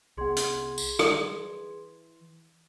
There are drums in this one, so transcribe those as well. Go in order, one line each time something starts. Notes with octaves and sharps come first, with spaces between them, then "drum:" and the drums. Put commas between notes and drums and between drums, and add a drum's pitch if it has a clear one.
C2 B3 G#4 C6 G#6
drum: hi-hat
drum: tambourine
E3, drum: rim click